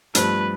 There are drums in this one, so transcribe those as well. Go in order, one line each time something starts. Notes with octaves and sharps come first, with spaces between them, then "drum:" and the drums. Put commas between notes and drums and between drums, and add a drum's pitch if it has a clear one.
G2 F3 A3 C4 B4, drum: hi-hat